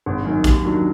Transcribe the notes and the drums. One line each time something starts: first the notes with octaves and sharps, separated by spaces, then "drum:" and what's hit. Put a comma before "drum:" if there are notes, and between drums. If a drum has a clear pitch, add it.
G#1
F#2 D#3
D#2, drum: kick, hi-hat
D#3 F#3 D4